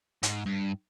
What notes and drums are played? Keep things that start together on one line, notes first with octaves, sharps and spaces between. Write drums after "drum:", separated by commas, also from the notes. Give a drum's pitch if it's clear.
G#2, drum: hi-hat
G2